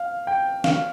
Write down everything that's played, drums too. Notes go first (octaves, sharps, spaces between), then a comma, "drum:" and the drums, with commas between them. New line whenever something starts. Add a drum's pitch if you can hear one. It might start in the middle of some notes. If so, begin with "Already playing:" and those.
Already playing: F5
G5
F5, drum: snare